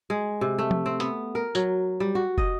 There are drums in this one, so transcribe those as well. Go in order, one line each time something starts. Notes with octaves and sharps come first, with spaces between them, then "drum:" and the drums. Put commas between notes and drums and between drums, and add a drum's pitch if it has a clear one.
G#3
C3
A3
drum: tom
C4
B3, drum: hi-hat
A#4
F#3, drum: tambourine
G3
F#4
D#5, drum: kick